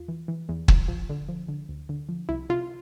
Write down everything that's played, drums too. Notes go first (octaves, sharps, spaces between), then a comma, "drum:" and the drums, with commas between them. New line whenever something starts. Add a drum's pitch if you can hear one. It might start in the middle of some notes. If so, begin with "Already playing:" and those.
Already playing: E2 F4
E3
E3
E2
F3, drum: kick
F3
D3
F3
D3
D2
D3
F3
C2 E4
C3 F4